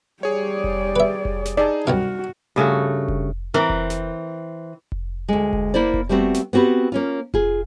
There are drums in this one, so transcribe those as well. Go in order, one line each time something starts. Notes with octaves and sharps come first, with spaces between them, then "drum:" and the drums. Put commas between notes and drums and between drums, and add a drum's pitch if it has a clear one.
G3 G#4 C#5 D5
drum: kick F1
B4 E5
drum: kick F1
drum: snare
D#4 G#4 D5 A5
C2 F#2 C3 F#4 F6
G2 C#3 A3 F#4
drum: kick F1
E3 C4 A#4
drum: kick F1
drum: snare
drum: kick F1
D2 G#3
drum: kick F1
A#3 E4 C5 D5
drum: kick F1
G3 A3 B3 C4 F#4
drum: snare
B3 C4 F#4 G4 B4
A#3 C#4 F4
F4 G#4, drum: kick F1